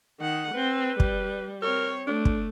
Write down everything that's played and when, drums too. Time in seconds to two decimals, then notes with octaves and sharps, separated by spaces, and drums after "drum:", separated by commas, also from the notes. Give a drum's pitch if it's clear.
0.20 D#3 F#5
0.54 C4 B4
1.00 G3, drum: kick
1.62 C4 A#4 C#5
2.07 A3 D4
2.25 drum: kick